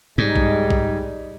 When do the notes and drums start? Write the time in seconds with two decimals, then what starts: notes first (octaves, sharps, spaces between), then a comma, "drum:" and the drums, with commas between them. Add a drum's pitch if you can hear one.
0.18 G#2 G3 G#3 D#4
0.36 drum: kick
0.70 drum: kick